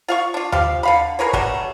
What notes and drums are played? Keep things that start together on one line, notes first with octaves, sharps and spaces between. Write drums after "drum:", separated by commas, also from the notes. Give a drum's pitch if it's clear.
F4 F5 C#6
D4 F4
F3 G4 F5, drum: tom D#2
D3 F5 B5
G#4 A#4 B4 C#5
F#3 G3 A3 C#4, drum: kick